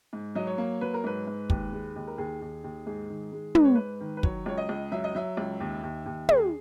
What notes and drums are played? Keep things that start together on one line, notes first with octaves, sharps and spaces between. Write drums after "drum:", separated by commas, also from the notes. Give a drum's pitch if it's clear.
G#2
F#3 D#5
C#5
A#3
F#3 B4
A#4
G#2 B4
G#2
D#2, drum: kick
G#3
D#2
A#4
D#2 G#4
D#2
D#2
G#2 G#4
D#3
G#3
G#2 B4, drum: tom
C#5
G#2 B4
D#3
B4
F#3 C#5, drum: kick
C#2 C#5
D#5
C#2
F#3 E5
D#5
F#3 E5
C#2
D#2
D#2
D#2
D#2 G#4, drum: tom